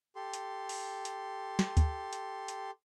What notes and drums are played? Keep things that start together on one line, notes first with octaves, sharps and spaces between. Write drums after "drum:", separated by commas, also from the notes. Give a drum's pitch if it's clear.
G4 A4 C6
drum: hi-hat
drum: open hi-hat
drum: hi-hat
drum: snare
drum: kick D2, hi-hat
drum: hi-hat
drum: hi-hat